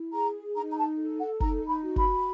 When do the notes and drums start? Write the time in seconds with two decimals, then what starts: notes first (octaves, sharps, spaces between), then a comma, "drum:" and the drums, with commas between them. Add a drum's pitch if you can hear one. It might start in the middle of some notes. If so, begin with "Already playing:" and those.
Already playing: E4
0.14 G#4 A#5
0.56 D#4 A#5
0.72 A#5
0.78 A5
0.98 A4
1.19 F#5
1.40 D#4 A#5, drum: kick
1.68 B5
1.83 F#4
1.96 B5, drum: kick